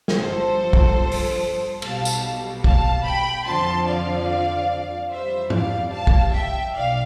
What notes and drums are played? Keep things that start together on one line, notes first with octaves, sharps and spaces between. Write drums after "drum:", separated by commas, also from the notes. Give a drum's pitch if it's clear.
drum: snare
G1 G2 F3 A4 C5
drum: kick
drum: open hi-hat
B1 B2 G3 F5 A5, drum: cymbal
drum: tambourine
F5 A5, drum: kick
G5 B5
F2 D3 F3 A5 C6
D5 F5
F2 E3 G3 C5 E5
D5 F5, drum: tom G#2
F5 A5
drum: kick
E5 G5
B1 D5 F5